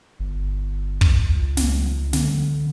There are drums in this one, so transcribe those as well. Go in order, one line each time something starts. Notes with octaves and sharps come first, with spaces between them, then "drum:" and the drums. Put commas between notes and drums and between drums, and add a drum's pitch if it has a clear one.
G1
drum: kick
C#2
drum: snare
D3, drum: snare